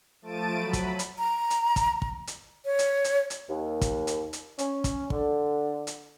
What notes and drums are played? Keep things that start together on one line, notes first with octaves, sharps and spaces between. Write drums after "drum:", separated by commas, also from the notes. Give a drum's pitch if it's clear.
F3 A3 A5 A6 D7 D#7
F#3 B5
drum: kick, hi-hat
drum: hi-hat
A#5
drum: hi-hat
drum: kick, hi-hat
drum: kick
drum: hi-hat
C#5
drum: hi-hat
drum: hi-hat
drum: hi-hat
D#2
drum: kick, hi-hat
drum: hi-hat
drum: hi-hat
C#4, drum: hi-hat
drum: kick, hi-hat
D3, drum: kick
drum: hi-hat